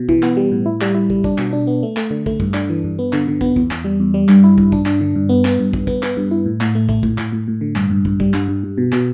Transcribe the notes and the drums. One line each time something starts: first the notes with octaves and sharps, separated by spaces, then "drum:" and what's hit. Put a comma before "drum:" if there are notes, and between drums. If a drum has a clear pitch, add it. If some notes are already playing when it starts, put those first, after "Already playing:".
Already playing: B2
E3, drum: kick
B3, drum: clap
G3
A2
E4
G3, drum: clap
E4
G3, drum: kick
D4, drum: kick
B2, drum: clap
D4
B3
A3
A3, drum: clap
D3
A3, drum: kick
G2, drum: kick
D4, drum: clap
E3
G2
B3
D3, drum: clap
D3
B3, drum: kick
E2, drum: kick
E2, drum: clap
G3
E2
G3
G2, drum: clap
E4
G2, drum: kick
D4, drum: kick
D4, drum: clap
D3
G2
B3
B3, drum: clap
G2
G2, drum: kick
B3, drum: kick
B3, drum: clap
G2
E4
A2
A2, drum: clap
A3
A3, drum: kick
A2, drum: kick
A2, drum: clap
A2
A2
D3
G2, drum: clap
G2
G2, drum: kick
G3, drum: kick
G2, drum: clap
G2
G2
B2
B2, drum: clap